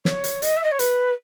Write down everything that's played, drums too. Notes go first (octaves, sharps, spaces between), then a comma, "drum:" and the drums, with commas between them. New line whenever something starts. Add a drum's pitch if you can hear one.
C#5, drum: snare
drum: hi-hat
D#5, drum: hi-hat
E5
D#5
C#5
B4, drum: hi-hat